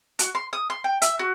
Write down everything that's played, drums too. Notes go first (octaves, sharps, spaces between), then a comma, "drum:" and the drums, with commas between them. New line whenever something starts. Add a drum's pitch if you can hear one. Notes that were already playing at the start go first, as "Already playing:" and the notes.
F#4, drum: hi-hat
C6
D#6
C6
G5
E5, drum: hi-hat
F#4